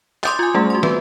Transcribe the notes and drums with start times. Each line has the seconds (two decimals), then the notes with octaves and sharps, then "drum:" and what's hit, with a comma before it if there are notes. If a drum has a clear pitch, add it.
0.24 C6 D6 D#6 G6 A6, drum: clap
0.39 F4 G#5
0.54 G3 A3 C#4 G#4
0.70 F#4 C6
0.83 B3 B4, drum: snare